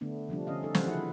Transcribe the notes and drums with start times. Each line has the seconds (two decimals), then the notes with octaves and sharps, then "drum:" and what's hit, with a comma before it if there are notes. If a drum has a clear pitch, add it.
0.01 D3 A3 B3 D4
0.28 C3 F3 G3 D4
0.47 D3 C#4 D#5 F5
0.63 D#4 A4
0.75 C3 E3 G3 C5 F5 F#5, drum: snare
0.87 C#3 F3 G3 E4 G#4 F#5